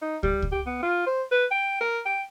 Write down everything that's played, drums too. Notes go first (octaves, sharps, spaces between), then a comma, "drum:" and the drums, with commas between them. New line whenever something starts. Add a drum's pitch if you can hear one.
D#4
G3, drum: kick
drum: kick
G4
B3
F4
C5
B4
G5
A#4
G5